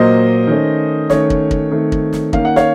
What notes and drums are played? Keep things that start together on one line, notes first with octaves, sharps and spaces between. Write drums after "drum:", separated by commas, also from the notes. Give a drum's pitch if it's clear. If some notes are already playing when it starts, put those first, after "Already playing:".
Already playing: A#2 F#3 A#3 C5 D#5
D#3 A3 C#4
D#3 A3 C#4 C#5, drum: snare
drum: kick
drum: kick
D#3 A3 C4
drum: kick
drum: snare
D#3 A#3 C#4 F5, drum: kick
F#5
C#5 F5, drum: snare